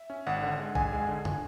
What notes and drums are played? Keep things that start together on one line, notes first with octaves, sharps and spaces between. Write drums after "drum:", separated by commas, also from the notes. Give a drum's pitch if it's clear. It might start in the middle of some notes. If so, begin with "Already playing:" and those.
Already playing: E5
C#4
G#1 F#5
D3
G#3
G#1 G#5, drum: kick A1
G#3
D3
drum: tom